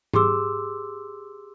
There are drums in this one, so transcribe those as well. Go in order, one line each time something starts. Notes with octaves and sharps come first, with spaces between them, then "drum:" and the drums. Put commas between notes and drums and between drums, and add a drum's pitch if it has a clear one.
G4 G#4 C6 D6 E6, drum: tom G#2